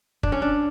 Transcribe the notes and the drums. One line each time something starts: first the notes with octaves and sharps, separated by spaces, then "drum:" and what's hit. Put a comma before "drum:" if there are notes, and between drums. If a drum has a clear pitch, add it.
D4, drum: kick
C#4
D4